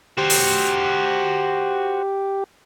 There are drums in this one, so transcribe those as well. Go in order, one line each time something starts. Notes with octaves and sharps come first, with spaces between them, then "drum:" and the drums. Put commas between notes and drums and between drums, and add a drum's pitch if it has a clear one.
F#4 G4 C5
drum: open hi-hat